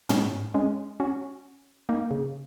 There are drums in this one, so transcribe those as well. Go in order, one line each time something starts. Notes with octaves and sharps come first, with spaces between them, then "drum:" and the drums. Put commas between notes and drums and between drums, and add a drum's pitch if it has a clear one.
G#3 C#4, drum: tom
G#3 C#4
C#4 F#4
A#3 D#4
C#3